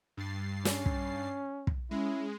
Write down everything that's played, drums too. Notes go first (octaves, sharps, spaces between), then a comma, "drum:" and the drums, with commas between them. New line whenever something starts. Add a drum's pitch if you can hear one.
G2 A6 C7
C#4, drum: snare
drum: kick
drum: kick
G#3 C#4 E4